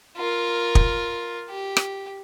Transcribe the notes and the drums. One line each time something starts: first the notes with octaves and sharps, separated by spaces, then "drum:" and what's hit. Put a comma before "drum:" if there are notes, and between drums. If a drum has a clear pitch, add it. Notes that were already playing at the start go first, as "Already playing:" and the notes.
F4 A#4
drum: kick
G4
drum: rim click